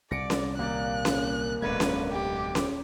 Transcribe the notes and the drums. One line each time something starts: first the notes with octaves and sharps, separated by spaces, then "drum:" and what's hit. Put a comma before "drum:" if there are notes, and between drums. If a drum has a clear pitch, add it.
C2 D5 A#6 C#7 D7
drum: snare C#4
D#1 A#3 D5 F#6
drum: snare C#4
D1 B1 D3 G#3 B4 G#6
drum: snare C#4
G4
drum: snare C#4